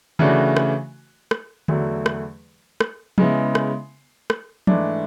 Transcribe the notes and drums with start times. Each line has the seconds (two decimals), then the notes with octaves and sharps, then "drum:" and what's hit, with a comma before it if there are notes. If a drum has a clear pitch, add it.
0.19 C#3 E3 A3 D4 F#4, drum: tom D3
0.57 drum: rim click
1.31 drum: rim click
1.68 E2 D3 F#3 A3, drum: tom D3
2.06 drum: rim click
2.81 drum: rim click
3.18 C#3 G#3 B3 E4, drum: tom
3.55 drum: rim click
4.30 drum: rim click
4.67 G#2 E3 A3 D4, drum: tom